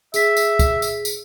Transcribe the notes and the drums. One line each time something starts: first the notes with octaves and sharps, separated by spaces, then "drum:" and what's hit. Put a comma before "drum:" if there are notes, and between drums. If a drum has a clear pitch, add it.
G#4 E5 B6, drum: tambourine
drum: tambourine
drum: kick, tambourine
drum: tambourine
drum: tambourine